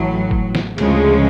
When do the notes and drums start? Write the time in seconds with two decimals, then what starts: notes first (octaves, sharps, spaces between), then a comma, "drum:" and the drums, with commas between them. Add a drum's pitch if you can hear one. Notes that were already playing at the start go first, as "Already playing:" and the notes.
Already playing: A1 A2 F#3
0.31 drum: kick G1
0.55 drum: snare
0.78 D2 C#3 F3 G#3, drum: cymbal